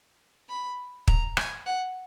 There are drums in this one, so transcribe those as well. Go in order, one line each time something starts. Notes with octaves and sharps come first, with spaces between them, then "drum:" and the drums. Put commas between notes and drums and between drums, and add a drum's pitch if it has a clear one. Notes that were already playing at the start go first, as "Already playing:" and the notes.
B5
A#5, drum: kick
G#5, drum: rim click
F#5